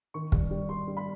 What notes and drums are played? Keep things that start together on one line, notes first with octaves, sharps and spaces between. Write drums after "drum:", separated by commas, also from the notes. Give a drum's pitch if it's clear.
D#3 C#6
G3, drum: kick
G3
G3 C6
G3
B5